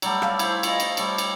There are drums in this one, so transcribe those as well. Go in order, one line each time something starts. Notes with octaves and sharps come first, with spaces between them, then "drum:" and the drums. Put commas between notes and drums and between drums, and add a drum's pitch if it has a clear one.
F#3 G3 A3, drum: cymbal
E5 F5 A5, drum: rim click
E4 C5, drum: cymbal
F4 D#5, drum: cymbal
drum: cymbal
G3 A3 C#5, drum: cymbal
drum: cymbal